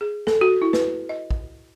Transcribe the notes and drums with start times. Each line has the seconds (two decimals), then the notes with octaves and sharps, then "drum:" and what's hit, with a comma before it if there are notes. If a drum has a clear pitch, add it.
0.01 G#4
0.27 A4, drum: snare
0.41 F#4
0.62 E4
0.73 B4, drum: snare
1.09 D#5
1.31 drum: kick